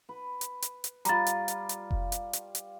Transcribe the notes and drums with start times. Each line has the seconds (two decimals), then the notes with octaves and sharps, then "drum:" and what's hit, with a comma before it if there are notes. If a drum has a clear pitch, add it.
0.09 B4
0.41 drum: hi-hat
0.62 drum: hi-hat
0.84 drum: hi-hat
1.05 G3 F4 A#5 A6, drum: hi-hat
1.27 drum: hi-hat
1.48 drum: hi-hat
1.69 drum: hi-hat
1.91 drum: kick F1
2.12 drum: hi-hat
2.33 drum: hi-hat
2.55 drum: hi-hat